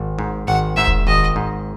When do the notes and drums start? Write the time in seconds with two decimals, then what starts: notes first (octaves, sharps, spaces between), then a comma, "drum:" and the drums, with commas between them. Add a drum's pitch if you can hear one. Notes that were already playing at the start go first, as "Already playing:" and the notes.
Already playing: G#1
0.19 G#2
0.48 G#1 F#5
0.77 G#2 E5
0.87 drum: kick E1
1.07 G#1 D#5
1.36 G#2